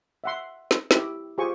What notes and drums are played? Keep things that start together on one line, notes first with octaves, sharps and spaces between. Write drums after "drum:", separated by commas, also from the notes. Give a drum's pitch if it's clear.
E5 F#5 C6
drum: snare
E4 G4, drum: snare
F4 G4 G#4 C5 G#5 C#6